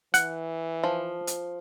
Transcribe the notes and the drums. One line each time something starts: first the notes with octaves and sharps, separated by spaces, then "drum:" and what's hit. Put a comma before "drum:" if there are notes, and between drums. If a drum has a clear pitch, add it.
E3 F#5, drum: hi-hat
F3
drum: hi-hat